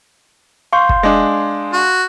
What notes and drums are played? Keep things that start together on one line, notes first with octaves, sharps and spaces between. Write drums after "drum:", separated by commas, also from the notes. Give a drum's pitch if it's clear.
F5 C6 C#6 G6
drum: kick
G#3 D4
F#4